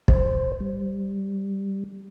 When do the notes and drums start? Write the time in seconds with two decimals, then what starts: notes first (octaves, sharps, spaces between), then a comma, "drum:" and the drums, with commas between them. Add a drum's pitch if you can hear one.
0.08 C5, drum: kick
0.60 G3